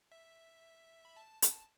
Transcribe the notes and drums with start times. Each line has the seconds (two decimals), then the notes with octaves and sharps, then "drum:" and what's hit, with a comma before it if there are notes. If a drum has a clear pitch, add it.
0.12 E5
1.05 B5
1.16 A5
1.42 A5, drum: hi-hat